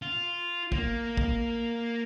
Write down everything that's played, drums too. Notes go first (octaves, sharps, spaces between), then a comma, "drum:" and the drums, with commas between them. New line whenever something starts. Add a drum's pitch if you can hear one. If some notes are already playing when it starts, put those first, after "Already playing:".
F4
A#3, drum: kick
drum: kick